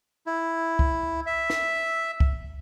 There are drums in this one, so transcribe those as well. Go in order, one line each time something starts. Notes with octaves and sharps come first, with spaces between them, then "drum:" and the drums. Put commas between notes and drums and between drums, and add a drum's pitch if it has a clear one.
E4
drum: kick C2
E5
drum: snare
drum: kick C2